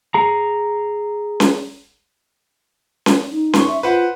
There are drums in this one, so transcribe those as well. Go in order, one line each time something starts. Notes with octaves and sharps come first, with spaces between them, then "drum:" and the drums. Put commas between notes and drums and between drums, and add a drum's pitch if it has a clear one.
G#4 A#5
drum: snare C#4
drum: snare C#4
D#4
C6 C#6, drum: snare C#4
E5
F4 B4 C5 F#5